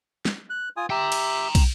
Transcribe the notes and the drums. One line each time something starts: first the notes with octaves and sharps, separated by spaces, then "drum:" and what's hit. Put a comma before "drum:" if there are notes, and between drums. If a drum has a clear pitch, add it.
drum: snare
F#6
F4 G#5 D#6
G4 E5 G5 A#5
drum: cymbal
drum: kick, cymbal